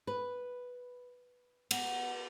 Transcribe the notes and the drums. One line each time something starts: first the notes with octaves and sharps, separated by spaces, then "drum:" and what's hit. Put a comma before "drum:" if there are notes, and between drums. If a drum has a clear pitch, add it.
B4
B3, drum: cymbal